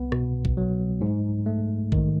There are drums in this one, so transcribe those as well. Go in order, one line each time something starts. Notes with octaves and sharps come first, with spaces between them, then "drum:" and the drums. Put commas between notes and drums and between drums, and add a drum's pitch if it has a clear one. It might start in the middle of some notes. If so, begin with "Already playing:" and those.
Already playing: C2 B3
B2, drum: rim click
drum: kick
F#3
G#2
A3
D#3, drum: kick